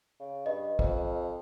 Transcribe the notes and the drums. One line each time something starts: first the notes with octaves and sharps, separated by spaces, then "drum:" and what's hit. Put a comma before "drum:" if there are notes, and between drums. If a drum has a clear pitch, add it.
C#3
G2 D#5
F2, drum: kick